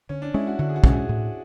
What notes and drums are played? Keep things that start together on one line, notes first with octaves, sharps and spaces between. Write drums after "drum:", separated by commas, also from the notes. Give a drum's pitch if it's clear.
D3 C#4
D4
G#3 C#4 E4
F#4
D3 F#4
G#4
F#4
G#3 C#4, drum: kick
G#4
A2